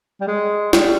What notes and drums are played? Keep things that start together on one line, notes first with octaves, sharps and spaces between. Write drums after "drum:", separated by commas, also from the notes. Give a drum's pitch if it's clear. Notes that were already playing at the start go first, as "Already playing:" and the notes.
G3
G#3
G3, drum: snare